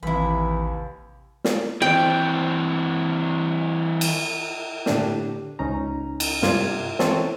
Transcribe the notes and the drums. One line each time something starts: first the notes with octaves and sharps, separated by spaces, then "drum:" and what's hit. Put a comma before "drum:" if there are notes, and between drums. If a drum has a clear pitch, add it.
A1 D#2 C3 E3 E4 B5
drum: snare
E3 C4 G5
drum: cymbal
A2 D3 D4 G4, drum: snare
C#2 C#4 D#4 A#5
drum: cymbal
G2 C3 F4 D5 G#6, drum: snare
E3 C4 C#4 A4 C#5, drum: snare